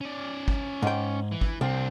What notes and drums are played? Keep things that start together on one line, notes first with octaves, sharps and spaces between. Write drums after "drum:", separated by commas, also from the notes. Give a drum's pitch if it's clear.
C#4 D5
drum: kick G#1
G#2 G5
E3
drum: kick G#1
C2 C4 D4